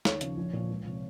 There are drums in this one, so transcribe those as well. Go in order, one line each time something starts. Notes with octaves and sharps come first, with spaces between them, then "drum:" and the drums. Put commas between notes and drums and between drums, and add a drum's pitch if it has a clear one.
D#2 C#5, drum: snare
C#3 F3, drum: hi-hat
A#1
A#2 F3
C#2
C3 F3